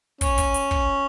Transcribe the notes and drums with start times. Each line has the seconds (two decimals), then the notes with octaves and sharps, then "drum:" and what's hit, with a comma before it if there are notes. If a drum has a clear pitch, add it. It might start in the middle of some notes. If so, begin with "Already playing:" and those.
0.21 C#4, drum: kick, hi-hat
0.38 drum: kick, hi-hat
0.54 drum: hi-hat
0.71 drum: kick